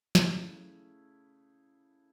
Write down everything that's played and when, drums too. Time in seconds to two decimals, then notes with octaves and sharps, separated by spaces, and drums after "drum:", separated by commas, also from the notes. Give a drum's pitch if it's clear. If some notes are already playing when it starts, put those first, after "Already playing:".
0.15 C#3 A3 E4, drum: snare